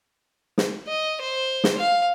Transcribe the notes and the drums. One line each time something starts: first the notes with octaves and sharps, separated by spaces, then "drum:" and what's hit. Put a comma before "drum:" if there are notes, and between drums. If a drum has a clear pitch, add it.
drum: snare
D#5
C5
drum: snare
F5